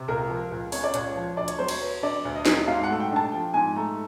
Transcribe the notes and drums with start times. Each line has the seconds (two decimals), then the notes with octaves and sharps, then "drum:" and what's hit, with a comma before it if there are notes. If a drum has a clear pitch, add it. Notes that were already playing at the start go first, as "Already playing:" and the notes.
Already playing: C3
0.08 C#2 A#4
0.29 F3
0.51 C#2
0.72 C#3 C#5, drum: open hi-hat
0.83 D5
0.94 C#2 C#5, drum: hi-hat
1.16 F3
1.37 D2 D5
1.48 C#5, drum: hi-hat
1.59 F#3 C5
1.68 C#5, drum: cymbal
1.81 B3
2.02 D3 D5
2.25 D2
2.35 D#5
2.46 F#3, drum: snare
2.67 G#2 F5
2.83 F#5
2.90 A3
3.00 G5
3.11 D4
3.16 A5
3.32 F3 G5
3.54 G#2 G#5
3.76 A3 A#5